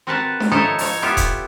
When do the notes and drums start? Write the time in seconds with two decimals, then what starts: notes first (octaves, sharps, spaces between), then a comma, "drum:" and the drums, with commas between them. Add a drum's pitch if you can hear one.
0.07 C4 F#4 A#4 B4 F#5 A5
0.40 drum: snare D4
0.52 F3 D#4 E4 A4 C#5 D#5
0.79 F3 C#5, drum: open hi-hat
1.02 B3 E4 F4 G4 C#5
1.17 drum: kick D#1, hi-hat